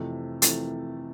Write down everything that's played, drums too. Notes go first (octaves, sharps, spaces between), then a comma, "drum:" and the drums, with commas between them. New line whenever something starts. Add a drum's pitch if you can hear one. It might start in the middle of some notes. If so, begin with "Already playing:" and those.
Already playing: F2 C3 E3 A3
F2 C3 E3 A3 A6, drum: hi-hat